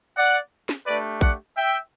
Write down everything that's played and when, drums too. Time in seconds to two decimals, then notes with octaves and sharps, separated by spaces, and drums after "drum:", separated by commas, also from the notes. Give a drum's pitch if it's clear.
0.16 D5 F#5
0.69 drum: snare
0.86 A3 D4 G4 B4 D5
1.21 D5 F#5, drum: kick A#1
1.56 E5 G5